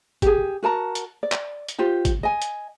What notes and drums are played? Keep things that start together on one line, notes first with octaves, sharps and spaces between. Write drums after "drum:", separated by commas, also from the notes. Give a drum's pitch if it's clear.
G4 G#4, drum: kick, hi-hat
F#4 A#4 A5 A#5
drum: hi-hat
D5
drum: clap
drum: hi-hat
F4 G4 C5
drum: kick, hi-hat
D#5 G#5
drum: hi-hat